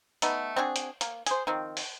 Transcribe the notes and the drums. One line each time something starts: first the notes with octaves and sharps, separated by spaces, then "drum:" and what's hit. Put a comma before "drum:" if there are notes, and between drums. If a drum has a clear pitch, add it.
A3 B3 D#4, drum: hi-hat
C4 D4 F#4 G#4
drum: hi-hat
A#3, drum: hi-hat
G#4 C5, drum: hi-hat
D#3 F3 C4
drum: open hi-hat